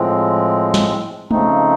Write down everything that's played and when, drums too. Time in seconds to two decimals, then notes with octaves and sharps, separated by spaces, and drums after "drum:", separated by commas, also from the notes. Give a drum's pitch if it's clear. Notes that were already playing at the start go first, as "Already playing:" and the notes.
Already playing: A2 F3 G#3 C4
0.74 drum: snare
1.31 C#3 F3 A3 C4 D#4, drum: tom G#3